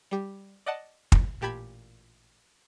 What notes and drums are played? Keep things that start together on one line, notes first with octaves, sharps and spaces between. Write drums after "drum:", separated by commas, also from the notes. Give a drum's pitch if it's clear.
G3 G4
D5 D#5 F#5 A5
drum: kick
A1 A#2 G4 A5 B5 G#6